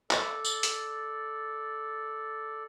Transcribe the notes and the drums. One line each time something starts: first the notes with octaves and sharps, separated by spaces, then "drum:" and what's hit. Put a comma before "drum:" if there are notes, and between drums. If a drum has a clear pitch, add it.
A4 D5, drum: clap
drum: tambourine
drum: hi-hat